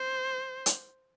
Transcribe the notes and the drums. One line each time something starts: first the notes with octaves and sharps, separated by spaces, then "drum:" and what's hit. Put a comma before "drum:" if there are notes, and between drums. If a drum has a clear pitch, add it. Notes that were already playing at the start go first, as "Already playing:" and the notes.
Already playing: C5
drum: hi-hat